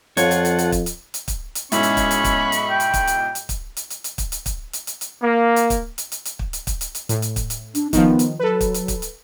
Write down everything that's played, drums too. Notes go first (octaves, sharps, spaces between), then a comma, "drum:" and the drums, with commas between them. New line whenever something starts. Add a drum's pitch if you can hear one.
F2 F4 A4 C#5 F#5, drum: hi-hat
drum: hi-hat
drum: hi-hat
drum: hi-hat
drum: kick, hi-hat
drum: hi-hat
drum: hi-hat
drum: kick, hi-hat
drum: hi-hat
B1 G#2 C#4 E4 B5 C#6, drum: hi-hat
drum: hi-hat
drum: kick, hi-hat
drum: hi-hat
drum: kick, hi-hat
drum: hi-hat
G5
drum: hi-hat
drum: kick, hi-hat
drum: hi-hat
drum: hi-hat
drum: kick, hi-hat
drum: hi-hat
drum: hi-hat
drum: hi-hat
drum: kick, hi-hat
drum: hi-hat
drum: kick, hi-hat
drum: hi-hat
drum: hi-hat
drum: hi-hat
A#3
drum: hi-hat
drum: kick, hi-hat
drum: hi-hat
drum: hi-hat
drum: hi-hat
drum: kick
drum: hi-hat
drum: kick, hi-hat
drum: hi-hat
drum: hi-hat
A2, drum: hi-hat
drum: hi-hat
drum: kick, hi-hat
drum: hi-hat
D4, drum: hi-hat
D#3 F3 B3, drum: kick, hi-hat
drum: hi-hat
F#3 A4 B4
drum: kick, hi-hat
drum: hi-hat
drum: kick, hi-hat
drum: hi-hat